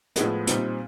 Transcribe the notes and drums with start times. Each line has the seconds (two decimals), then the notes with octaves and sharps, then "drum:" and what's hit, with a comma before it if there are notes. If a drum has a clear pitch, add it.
0.16 A2 F3 G#3 B3, drum: hi-hat
0.47 A#2 G3 C4 D#4, drum: hi-hat